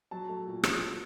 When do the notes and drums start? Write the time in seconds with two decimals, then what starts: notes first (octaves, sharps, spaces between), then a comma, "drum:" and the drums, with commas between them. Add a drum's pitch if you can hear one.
0.11 F#3 A5
0.29 A3
0.46 A#2
0.64 A#2, drum: rim click